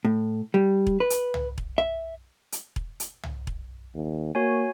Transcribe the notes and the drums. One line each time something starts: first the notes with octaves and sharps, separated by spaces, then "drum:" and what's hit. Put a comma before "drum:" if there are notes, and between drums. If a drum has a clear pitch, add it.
A2
G3
drum: kick E1
B4
drum: hi-hat
drum: tom C2
drum: kick E1
E5
drum: hi-hat
drum: kick E1
drum: hi-hat
drum: tom C2
drum: kick E1
D#2
A#3 F#4 C#5 G#5